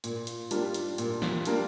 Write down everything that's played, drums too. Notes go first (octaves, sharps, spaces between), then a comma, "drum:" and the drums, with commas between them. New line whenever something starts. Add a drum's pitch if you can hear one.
A#2, drum: hi-hat
drum: hi-hat
G3 A#3 D4 F4, drum: hi-hat
drum: hi-hat
A#2, drum: hi-hat
drum: snare
G3 A#3 D4 F4, drum: hi-hat